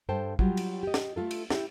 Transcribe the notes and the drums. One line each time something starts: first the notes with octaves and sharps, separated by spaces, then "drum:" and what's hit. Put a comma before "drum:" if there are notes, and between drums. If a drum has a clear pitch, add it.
G2 A4 C5 G5 A5
F#3 G3 F4 G4, drum: kick
drum: cymbal
G4 D#5
drum: snare
A3 F4 A4
drum: cymbal
E4 G4, drum: snare